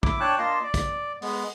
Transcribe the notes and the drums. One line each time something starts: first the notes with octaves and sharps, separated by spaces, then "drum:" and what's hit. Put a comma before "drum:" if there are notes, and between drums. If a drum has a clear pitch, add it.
E4 D6, drum: kick
D4 C#5 G5 A5 F#6
A#3 D4 F4 D#5 A5 C6
D5
drum: kick, hi-hat
G#3 B3, drum: open hi-hat